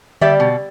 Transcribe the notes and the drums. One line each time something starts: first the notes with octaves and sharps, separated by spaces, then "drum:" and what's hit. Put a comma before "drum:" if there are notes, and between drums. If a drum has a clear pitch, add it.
G3 D5 E5, drum: tom D3
B2